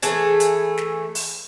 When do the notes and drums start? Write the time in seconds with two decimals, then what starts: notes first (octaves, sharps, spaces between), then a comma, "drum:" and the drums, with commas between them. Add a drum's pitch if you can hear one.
0.02 E3 A3 G#4 A5, drum: hi-hat
0.40 drum: hi-hat
0.77 drum: snare
1.15 drum: open hi-hat